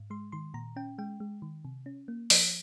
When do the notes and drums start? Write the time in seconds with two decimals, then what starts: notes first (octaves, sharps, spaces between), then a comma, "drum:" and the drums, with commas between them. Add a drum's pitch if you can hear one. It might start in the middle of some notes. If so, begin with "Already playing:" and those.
Already playing: G#2
0.10 G#3 C6
0.32 D#3 C6
0.54 A#2 A#5
0.76 C#4 G5
0.98 G#3 G5
1.20 G#3
1.42 D#3
1.65 C3
1.86 C#4
2.08 A#3
2.30 F3, drum: open hi-hat